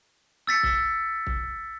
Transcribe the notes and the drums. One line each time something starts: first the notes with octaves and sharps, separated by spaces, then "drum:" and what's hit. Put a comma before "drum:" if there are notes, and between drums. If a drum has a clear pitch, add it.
E6 A6 B6 C#7
drum: kick
drum: kick